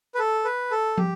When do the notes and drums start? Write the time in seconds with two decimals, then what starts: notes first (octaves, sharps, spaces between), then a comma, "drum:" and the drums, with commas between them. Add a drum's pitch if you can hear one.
0.15 B4
0.19 A4
0.45 B4
0.71 A4
0.98 G4, drum: tom